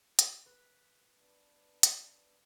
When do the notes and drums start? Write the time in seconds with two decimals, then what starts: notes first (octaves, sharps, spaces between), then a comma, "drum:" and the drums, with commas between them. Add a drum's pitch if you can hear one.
0.19 drum: hi-hat
0.46 B4
1.17 B3 D4
1.83 drum: hi-hat